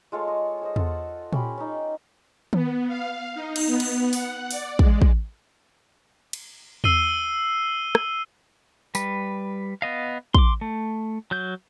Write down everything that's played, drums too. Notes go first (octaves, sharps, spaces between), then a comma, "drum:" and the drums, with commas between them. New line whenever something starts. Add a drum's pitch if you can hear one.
G#3 F4 A4 C#5
D#5
G#4 C5 D#5
F4 A4 F#5, drum: tom E2
C#4 G4 B5 C6, drum: tom A#2
C#4 D#4
B3, drum: tom D#3
F5
D#4
drum: cymbal
B3
drum: cymbal
F#5, drum: open hi-hat
D5, drum: open hi-hat
G#3, drum: kick
drum: kick
drum: cymbal
E6 C7 D#7 G7, drum: tom E2
drum: rim click
G3 B4, drum: tambourine
B3 D#5 F5
C6 D6, drum: kick
A3
F#3 G6